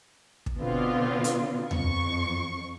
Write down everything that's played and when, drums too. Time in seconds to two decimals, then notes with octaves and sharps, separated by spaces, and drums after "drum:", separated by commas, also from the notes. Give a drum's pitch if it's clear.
0.46 drum: kick
0.58 B2 D3 B3 C4 F4
1.24 drum: hi-hat
1.71 F2 C#6, drum: tom D#2